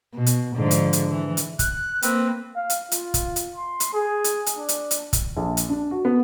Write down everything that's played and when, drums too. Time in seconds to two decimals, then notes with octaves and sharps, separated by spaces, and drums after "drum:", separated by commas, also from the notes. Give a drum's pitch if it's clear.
0.14 B2
0.26 drum: hi-hat
0.56 G#2 D3 F3
0.71 drum: hi-hat
0.93 drum: hi-hat
1.10 E3
1.37 drum: hi-hat
1.59 F#6, drum: kick, hi-hat
2.02 A#3 C4 B4, drum: hi-hat
2.56 F5
2.70 drum: hi-hat
2.92 F4, drum: hi-hat
3.14 drum: kick, hi-hat
3.36 drum: hi-hat
3.56 C6
3.80 drum: hi-hat
3.93 G#4
4.24 drum: hi-hat
4.46 drum: hi-hat
4.57 D4
4.69 drum: hi-hat
4.91 drum: hi-hat
5.13 drum: kick, hi-hat
5.37 A#1
5.57 drum: hi-hat
5.69 D4
5.91 F#4
6.05 B3